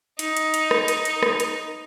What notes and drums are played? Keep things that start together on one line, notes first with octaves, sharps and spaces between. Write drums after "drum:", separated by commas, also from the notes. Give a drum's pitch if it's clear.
D#4, drum: hi-hat
drum: hi-hat
drum: hi-hat
drum: rim click
drum: hi-hat
drum: hi-hat
drum: rim click
drum: hi-hat